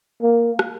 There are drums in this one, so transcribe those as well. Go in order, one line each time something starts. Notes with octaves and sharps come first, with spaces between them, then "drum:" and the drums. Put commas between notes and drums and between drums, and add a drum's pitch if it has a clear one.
A#3
drum: rim click